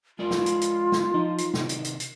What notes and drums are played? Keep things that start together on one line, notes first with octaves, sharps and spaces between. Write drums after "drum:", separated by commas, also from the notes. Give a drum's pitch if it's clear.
G#3 F4 A#4 D5
drum: snare
drum: hi-hat
drum: hi-hat
drum: snare
F3 D#4
drum: hi-hat
C3 D#3, drum: snare
drum: hi-hat
drum: hi-hat
drum: hi-hat